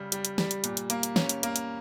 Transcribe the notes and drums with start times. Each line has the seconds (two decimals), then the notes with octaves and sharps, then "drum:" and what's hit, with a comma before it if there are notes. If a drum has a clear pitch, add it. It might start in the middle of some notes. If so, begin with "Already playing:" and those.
Already playing: C#3 G3
0.12 G3, drum: hi-hat
0.25 drum: hi-hat
0.38 G3, drum: snare
0.51 drum: hi-hat
0.64 A#2, drum: hi-hat
0.77 drum: hi-hat
0.90 A#3, drum: hi-hat
1.03 drum: hi-hat
1.16 C#4, drum: snare
1.29 drum: hi-hat
1.43 A#3, drum: hi-hat
1.56 drum: hi-hat